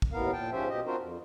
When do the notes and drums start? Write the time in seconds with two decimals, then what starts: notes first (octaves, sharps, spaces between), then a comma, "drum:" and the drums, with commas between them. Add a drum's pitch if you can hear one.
0.02 drum: kick
0.12 D#2 A2 B3 A#4 F5
0.32 A#2 G5 A5
0.52 G#2 F3 C#4 G4 C5 E5
0.69 B2 G4 D#5
0.86 C4 D4 F4 F#4 A#4 C5
1.00 F2